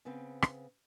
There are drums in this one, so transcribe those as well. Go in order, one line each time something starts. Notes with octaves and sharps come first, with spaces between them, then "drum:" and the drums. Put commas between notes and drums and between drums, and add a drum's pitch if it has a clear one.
C#3 B3 C4
drum: rim click